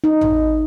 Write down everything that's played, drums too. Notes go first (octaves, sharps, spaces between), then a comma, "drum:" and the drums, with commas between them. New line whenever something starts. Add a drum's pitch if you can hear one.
D#4
drum: tom A1